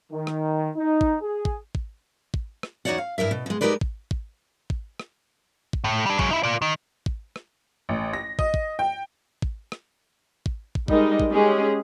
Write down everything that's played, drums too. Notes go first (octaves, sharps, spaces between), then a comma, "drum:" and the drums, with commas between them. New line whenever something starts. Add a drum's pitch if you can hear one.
D#3
drum: rim click
D#4
drum: kick
G#4
drum: kick
drum: kick
drum: kick
drum: rim click
E2 D#4 F#4 C#5 D5 F#5
F5
G2 E4 A#4 E5
B2
B2 G#3
G#3 D#4 G4 A#4 B4 D5
drum: kick
drum: kick
drum: kick
drum: rim click
drum: kick
A2
G3 D4
F#3 G#3, drum: kick
D#4 E4
F4 D5
D#3
drum: kick
drum: rim click
A1
A#6
D#5, drum: kick
drum: kick
G5
drum: kick
drum: rim click
drum: kick
drum: kick
G3 G#3 D#4 A#4 D#5, drum: kick
drum: kick
G#3 C#4 G4 G#4